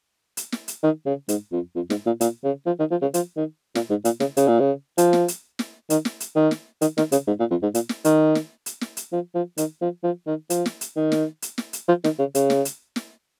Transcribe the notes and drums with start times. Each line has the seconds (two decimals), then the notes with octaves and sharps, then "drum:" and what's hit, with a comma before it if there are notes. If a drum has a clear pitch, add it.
0.37 drum: hi-hat
0.52 drum: snare
0.68 drum: hi-hat
0.83 D#3
1.06 C#3
1.29 G#2, drum: hi-hat
1.52 F2
1.76 F2
1.90 G#2, drum: snare
2.06 A#2
2.21 A#2, drum: hi-hat
2.44 C#3
2.67 F3
2.79 D#3
2.91 F3
3.02 C#3
3.14 F3, drum: hi-hat
3.37 D#3
3.75 A#2, drum: snare
3.90 G#2
4.05 A#2, drum: hi-hat
4.20 C#3, drum: snare
4.37 C#3, drum: hi-hat
4.48 A#2
4.60 C#3
4.98 F3, drum: hi-hat
5.13 drum: snare
5.28 drum: hi-hat
5.59 drum: snare
5.90 D#3, drum: hi-hat
6.05 drum: snare
6.20 drum: hi-hat
6.36 D#3
6.51 drum: snare
6.81 D#3, drum: hi-hat
6.98 D#3, drum: snare
7.12 C#3, drum: hi-hat
7.27 G#2
7.40 A#2
7.51 F2
7.63 G#2
7.75 A#2, drum: hi-hat
7.89 drum: snare
8.05 D#3, drum: hi-hat
8.35 drum: snare
8.66 drum: hi-hat
8.81 drum: snare
8.97 drum: hi-hat
9.13 F3
9.35 F3
9.58 D#3, drum: hi-hat
9.81 F3
10.04 F3
10.27 D#3
10.50 F3, drum: hi-hat
10.66 drum: snare
10.81 drum: hi-hat
10.96 D#3
11.12 drum: snare
11.42 drum: hi-hat
11.58 drum: snare
11.73 drum: hi-hat
11.88 F3
12.04 D#3, drum: snare
12.19 C#3
12.35 C#3, drum: hi-hat
12.50 drum: snare
12.65 drum: hi-hat
12.96 drum: snare